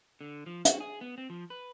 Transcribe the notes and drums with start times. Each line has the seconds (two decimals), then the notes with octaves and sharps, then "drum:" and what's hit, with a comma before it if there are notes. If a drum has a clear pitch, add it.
0.21 D3
0.46 F3
0.65 F#4, drum: hi-hat
0.80 G#4
1.01 B3
1.18 C4
1.30 F3
1.50 B4